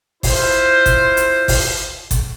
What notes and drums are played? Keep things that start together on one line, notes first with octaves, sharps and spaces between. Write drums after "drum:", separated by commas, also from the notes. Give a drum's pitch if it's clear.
E4 F4 C5, drum: kick G1, open hi-hat
drum: kick G1, hi-hat
drum: hi-hat
drum: kick G1, open hi-hat
drum: kick G1, hi-hat